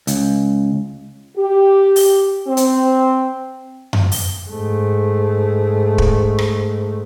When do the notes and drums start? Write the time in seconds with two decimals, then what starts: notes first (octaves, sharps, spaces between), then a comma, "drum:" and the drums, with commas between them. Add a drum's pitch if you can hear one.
0.07 C#2, drum: hi-hat
1.38 G4
1.96 drum: open hi-hat
2.48 C4
2.57 drum: hi-hat
3.93 drum: tom F#2
4.12 drum: open hi-hat
4.50 G#2 A3
5.98 drum: kick
6.39 drum: rim click